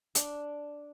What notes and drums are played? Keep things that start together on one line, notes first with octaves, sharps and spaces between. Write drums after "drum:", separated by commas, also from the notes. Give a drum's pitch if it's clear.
D4, drum: hi-hat